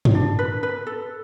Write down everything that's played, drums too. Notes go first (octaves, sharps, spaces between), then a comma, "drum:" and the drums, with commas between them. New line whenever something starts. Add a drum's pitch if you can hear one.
drum: tom G2
D4
B4
B4
A4